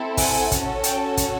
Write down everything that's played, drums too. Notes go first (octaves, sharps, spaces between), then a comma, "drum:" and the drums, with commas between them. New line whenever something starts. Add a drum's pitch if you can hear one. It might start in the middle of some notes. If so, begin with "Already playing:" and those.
Already playing: C4 E4 A4
F#5 G#5, drum: kick, open hi-hat
C#4 F#4 A4, drum: kick, hi-hat
G5 A5, drum: hi-hat
drum: kick, hi-hat